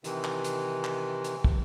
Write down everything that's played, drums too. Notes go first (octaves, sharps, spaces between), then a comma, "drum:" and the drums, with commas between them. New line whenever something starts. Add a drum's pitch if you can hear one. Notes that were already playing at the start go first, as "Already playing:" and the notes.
C3 D#3 E3, drum: hi-hat
drum: clap
drum: hi-hat
drum: clap
drum: hi-hat
drum: kick